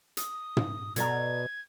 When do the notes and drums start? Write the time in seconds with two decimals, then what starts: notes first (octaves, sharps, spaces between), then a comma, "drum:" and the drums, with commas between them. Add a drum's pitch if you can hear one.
0.17 D#6, drum: hi-hat
0.57 drum: tom
0.96 B2 A4 D5 A#5 G#6, drum: hi-hat